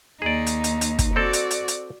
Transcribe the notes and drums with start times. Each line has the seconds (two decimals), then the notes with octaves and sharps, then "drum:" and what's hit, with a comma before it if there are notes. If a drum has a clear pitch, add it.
0.22 D#2 D#4 G#4 D5
0.47 drum: hi-hat
0.64 drum: hi-hat
0.81 drum: hi-hat
0.99 drum: kick, hi-hat
1.16 C4 F#4 A4 D5
1.33 drum: hi-hat
1.51 drum: hi-hat
1.68 drum: hi-hat